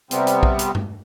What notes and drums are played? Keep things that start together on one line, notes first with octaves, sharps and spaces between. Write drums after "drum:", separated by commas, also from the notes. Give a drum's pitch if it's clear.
C3 G3 B3 C4, drum: hi-hat
drum: hi-hat
drum: kick
drum: hi-hat
drum: tom G2